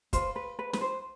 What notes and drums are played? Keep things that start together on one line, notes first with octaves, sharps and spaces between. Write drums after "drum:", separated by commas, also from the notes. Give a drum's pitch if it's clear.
F4 B4 C5, drum: kick, hi-hat
B4
B4
B4, drum: snare
C5